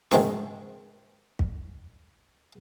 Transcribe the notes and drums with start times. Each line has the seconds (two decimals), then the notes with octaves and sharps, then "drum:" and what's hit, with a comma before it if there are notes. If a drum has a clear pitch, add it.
0.11 C#2 G#2 D#3 A3 C4 C#6, drum: snare
1.39 drum: kick